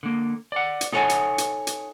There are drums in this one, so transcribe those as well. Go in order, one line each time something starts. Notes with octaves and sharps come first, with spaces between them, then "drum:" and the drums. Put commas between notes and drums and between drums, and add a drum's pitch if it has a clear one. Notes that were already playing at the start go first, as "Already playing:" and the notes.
D3 A#3
D5 F#5
drum: hi-hat
D#4 A4 C#5 F#5 G#5, drum: snare
drum: hi-hat
drum: hi-hat
drum: hi-hat